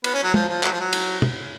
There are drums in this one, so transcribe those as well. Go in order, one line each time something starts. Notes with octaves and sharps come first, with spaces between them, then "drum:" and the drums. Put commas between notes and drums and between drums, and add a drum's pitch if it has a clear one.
B3, drum: cymbal
C#4
F#3
F3, drum: tom
F3
F#3, drum: clap
F3
F#3
drum: cymbal
drum: tom